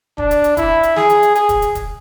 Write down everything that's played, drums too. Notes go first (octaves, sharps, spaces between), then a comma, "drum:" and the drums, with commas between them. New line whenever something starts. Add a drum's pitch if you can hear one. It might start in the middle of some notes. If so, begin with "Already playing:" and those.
D4, drum: kick
drum: hi-hat
drum: hi-hat
E4, drum: kick, hi-hat
drum: hi-hat
G#4, drum: snare
drum: hi-hat
drum: hi-hat
G#4, drum: hi-hat
drum: kick, hi-hat
drum: hi-hat
drum: kick, hi-hat